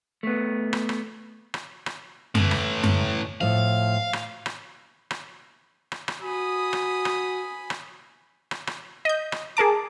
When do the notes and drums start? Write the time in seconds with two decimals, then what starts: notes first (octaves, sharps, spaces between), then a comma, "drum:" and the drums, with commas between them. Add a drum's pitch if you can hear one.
0.23 A3 B3
0.73 drum: rim click
0.89 drum: rim click
1.54 drum: rim click
1.86 drum: rim click
2.35 A2 E3, drum: tom F#2
2.51 drum: rim click
2.83 drum: tom F#2
3.41 A2 F3 F5
4.13 drum: rim click
4.46 drum: rim click
5.11 drum: rim click
5.92 drum: rim click
6.08 drum: rim click
6.22 F#4 G#5 B5 D#6
6.73 drum: rim click
7.05 drum: rim click
7.70 drum: rim click
8.51 drum: rim click
8.67 drum: rim click
9.05 D#5 G6
9.32 drum: rim click
9.57 G#4 A#4 A5 D6